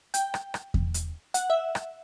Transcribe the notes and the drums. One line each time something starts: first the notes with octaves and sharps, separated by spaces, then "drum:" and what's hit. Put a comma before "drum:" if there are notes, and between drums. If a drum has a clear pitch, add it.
G5, drum: hi-hat
drum: rim click
drum: rim click
drum: kick E2
drum: hi-hat
F#5, drum: hi-hat
E5
drum: rim click